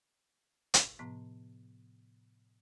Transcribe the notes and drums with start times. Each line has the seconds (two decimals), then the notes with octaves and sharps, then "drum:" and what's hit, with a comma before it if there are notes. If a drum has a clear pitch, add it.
0.74 drum: hi-hat
0.99 A2 C3 F3 B3 C6